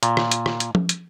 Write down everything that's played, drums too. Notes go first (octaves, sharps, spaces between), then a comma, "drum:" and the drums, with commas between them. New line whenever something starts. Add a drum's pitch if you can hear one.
A#2, drum: hi-hat
drum: rim click
drum: hi-hat
drum: rim click
drum: hi-hat
drum: tom F3
drum: hi-hat